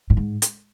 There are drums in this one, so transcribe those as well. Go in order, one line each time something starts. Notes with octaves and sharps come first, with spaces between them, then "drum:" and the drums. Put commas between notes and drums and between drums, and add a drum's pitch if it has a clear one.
A2
G#2
drum: hi-hat